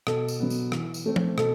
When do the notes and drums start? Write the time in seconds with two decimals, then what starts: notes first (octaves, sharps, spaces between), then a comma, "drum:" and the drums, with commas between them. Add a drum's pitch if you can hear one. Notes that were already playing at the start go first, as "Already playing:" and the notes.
0.07 B2 A4, drum: rim click
0.28 drum: tambourine
0.40 F#3 B3
0.50 drum: tambourine
0.72 E3, drum: rim click
0.94 drum: tambourine
1.06 A3 C4
1.16 drum: tom
1.38 B2 A4, drum: rim click